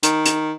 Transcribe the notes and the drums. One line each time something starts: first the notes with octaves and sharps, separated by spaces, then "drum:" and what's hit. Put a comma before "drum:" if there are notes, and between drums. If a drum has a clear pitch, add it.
D#3, drum: hi-hat
drum: hi-hat